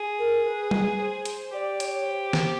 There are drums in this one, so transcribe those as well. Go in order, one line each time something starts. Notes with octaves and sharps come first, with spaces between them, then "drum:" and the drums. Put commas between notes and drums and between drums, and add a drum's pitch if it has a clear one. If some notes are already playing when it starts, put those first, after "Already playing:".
Already playing: G#4
A#4
B4
B4, drum: tom G3
C5
C5, drum: hi-hat
G4 D5
C#5, drum: hi-hat
C#5
C5
drum: snare